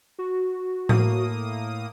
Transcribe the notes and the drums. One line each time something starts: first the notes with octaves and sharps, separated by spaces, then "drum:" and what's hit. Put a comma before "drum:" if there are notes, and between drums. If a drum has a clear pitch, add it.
F#4
A2 A#3 D#6, drum: tom A2